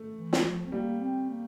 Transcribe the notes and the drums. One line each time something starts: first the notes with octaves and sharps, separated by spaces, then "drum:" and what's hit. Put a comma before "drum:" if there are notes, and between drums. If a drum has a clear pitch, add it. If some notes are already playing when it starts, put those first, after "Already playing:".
Already playing: A3
E3
drum: snare
F3
C4
G3 A#3
C4
A#3